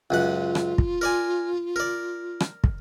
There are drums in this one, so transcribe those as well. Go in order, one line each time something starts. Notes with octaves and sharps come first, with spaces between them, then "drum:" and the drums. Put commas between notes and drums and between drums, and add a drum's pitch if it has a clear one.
C#2 F#2 F4 F#5
drum: rim click
drum: kick
A#4 D5 G#5
A#4 D5
drum: rim click
drum: kick